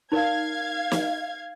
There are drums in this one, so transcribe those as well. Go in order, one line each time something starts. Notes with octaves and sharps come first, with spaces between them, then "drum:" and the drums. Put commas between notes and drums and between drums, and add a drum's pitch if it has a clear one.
D#4 A#4 D5 F5 G#6
drum: snare